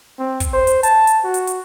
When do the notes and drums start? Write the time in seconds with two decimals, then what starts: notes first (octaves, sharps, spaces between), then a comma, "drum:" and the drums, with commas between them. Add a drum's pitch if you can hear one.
0.19 C4
0.40 drum: kick, hi-hat
0.54 C5
0.67 drum: hi-hat
0.83 A5, drum: hi-hat
1.07 drum: hi-hat
1.24 F#4
1.34 drum: hi-hat
1.47 drum: hi-hat